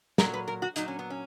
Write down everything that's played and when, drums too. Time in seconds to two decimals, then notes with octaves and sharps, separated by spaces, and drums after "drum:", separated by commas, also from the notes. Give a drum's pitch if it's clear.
0.18 A#2 F#3 A#4, drum: snare
0.34 B4
0.48 A#4
0.62 F#4
0.76 A#2 F#3 D#4, drum: hi-hat
0.88 C#4
0.99 B3
1.10 C#4